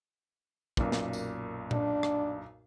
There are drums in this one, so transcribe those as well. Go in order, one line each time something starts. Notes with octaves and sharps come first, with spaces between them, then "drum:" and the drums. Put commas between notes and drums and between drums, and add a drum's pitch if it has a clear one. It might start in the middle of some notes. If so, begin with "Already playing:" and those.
B1 F#2 A#2, drum: kick
drum: snare
drum: tambourine
D4, drum: tom A#2
drum: rim click